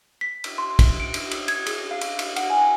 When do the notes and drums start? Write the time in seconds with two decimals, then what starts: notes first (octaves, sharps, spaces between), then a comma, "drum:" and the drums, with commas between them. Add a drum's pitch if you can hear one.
0.21 B6
0.44 drum: cymbal
0.58 C6
0.79 drum: kick, cymbal
1.00 D7
1.14 drum: cymbal
1.31 drum: cymbal
1.48 G#6, drum: cymbal
1.66 G#4, drum: cymbal
1.91 F5
2.01 drum: cymbal
2.19 drum: cymbal
2.36 F#5, drum: cymbal
2.50 G#5